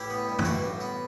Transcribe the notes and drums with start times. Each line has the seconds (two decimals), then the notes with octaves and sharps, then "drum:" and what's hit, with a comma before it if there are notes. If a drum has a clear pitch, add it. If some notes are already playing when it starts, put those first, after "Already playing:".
Already playing: A1 E4 G4
0.10 B3
0.28 G2
0.39 E4, drum: tom F#2
0.45 E3 D4 F#4
0.64 A1
0.80 B3